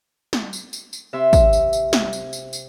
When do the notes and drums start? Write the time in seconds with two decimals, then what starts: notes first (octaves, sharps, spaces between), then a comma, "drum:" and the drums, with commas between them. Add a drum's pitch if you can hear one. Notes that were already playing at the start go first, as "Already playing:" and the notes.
0.33 drum: snare
0.53 drum: tambourine
0.73 drum: tambourine
0.93 drum: tambourine
1.13 C3 E5 C6 E6
1.33 drum: kick, tambourine
1.53 drum: tambourine
1.73 drum: tambourine
1.93 drum: snare
2.13 drum: tambourine
2.33 drum: tambourine
2.53 drum: tambourine